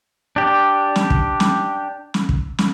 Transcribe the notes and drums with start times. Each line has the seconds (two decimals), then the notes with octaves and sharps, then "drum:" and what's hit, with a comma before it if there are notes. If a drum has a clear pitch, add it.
0.36 D4 G4
0.96 drum: snare
1.10 drum: kick
1.40 drum: snare
2.14 drum: snare
2.29 drum: kick
2.58 drum: snare